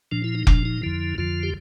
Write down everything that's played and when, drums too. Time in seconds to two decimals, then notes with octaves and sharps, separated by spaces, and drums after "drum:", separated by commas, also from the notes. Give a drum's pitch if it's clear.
0.11 A#2 F3 D4
0.24 E4
0.35 D#4
0.47 A#2 F3 D4, drum: kick F1
0.65 D#4
0.82 F2 D3 F3 E4
1.18 F2 D3 F3 F4
1.43 G4